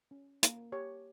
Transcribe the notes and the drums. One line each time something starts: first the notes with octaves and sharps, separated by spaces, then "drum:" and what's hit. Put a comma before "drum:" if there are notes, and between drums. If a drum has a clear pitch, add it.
C#4
A#3, drum: hi-hat
G4 C#5